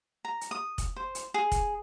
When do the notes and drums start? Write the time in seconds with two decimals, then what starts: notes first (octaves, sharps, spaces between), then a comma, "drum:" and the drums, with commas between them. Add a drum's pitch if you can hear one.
0.25 A#5
0.41 drum: hi-hat
0.51 D#6
0.78 drum: kick, hi-hat
0.96 C5
1.15 drum: hi-hat
1.34 G#4
1.52 drum: kick, hi-hat